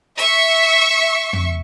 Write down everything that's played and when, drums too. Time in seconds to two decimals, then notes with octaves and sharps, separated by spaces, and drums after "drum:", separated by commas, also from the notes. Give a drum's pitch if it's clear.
0.19 E5 C#6, drum: hi-hat
1.33 drum: tom